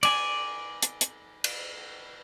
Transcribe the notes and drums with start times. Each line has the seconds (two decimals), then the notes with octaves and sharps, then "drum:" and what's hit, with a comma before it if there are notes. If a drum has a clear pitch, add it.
0.03 D5 G#5, drum: cymbal
0.82 drum: hi-hat
1.01 drum: hi-hat
1.44 drum: cymbal